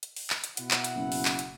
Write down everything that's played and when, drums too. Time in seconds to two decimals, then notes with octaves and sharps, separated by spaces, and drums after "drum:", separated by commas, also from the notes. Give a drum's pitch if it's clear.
0.03 drum: hi-hat
0.16 drum: open hi-hat
0.30 drum: clap
0.44 drum: hi-hat
0.57 B2 E4 F#5, drum: hi-hat
0.71 drum: clap
0.84 drum: hi-hat
0.95 F#1
1.12 drum: open hi-hat
1.25 drum: clap
1.39 drum: hi-hat